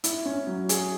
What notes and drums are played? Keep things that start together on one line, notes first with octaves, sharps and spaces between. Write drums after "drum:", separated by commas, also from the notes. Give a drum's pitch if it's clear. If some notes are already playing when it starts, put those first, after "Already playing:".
E4, drum: hi-hat
C#4
F#3
G#4, drum: hi-hat